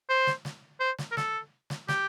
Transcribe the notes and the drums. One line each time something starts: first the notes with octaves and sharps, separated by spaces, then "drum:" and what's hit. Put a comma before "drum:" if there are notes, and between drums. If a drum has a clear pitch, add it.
C5
drum: snare
drum: snare
C5
drum: snare
A#4
A4, drum: snare
drum: snare
G4, drum: snare